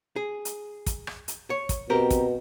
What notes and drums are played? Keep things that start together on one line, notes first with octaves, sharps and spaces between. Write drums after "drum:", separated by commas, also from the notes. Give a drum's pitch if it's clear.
G#4
drum: hi-hat
drum: kick, hi-hat
drum: rim click
drum: hi-hat
C#5
drum: kick, hi-hat
B2 C4 G4 A#4
drum: kick, hi-hat